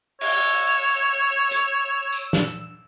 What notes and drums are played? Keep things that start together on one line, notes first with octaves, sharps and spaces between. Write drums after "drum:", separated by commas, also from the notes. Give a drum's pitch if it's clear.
C#5 E6, drum: cymbal
drum: hi-hat
drum: tambourine
drum: snare